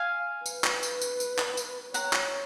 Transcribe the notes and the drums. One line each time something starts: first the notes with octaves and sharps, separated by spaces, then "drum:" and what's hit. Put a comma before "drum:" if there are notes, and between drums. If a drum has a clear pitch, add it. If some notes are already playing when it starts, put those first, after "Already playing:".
Already playing: F5 G#5
B4, drum: tambourine
drum: clap
drum: tambourine
drum: tambourine
drum: tambourine
drum: clap
drum: tambourine
C#5 F#5 A#5, drum: tambourine
drum: clap